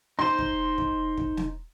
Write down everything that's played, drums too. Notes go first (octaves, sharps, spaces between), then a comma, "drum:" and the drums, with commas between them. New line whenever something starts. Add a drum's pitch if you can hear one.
D#4 C5 C6
drum: kick
drum: kick
drum: kick
drum: snare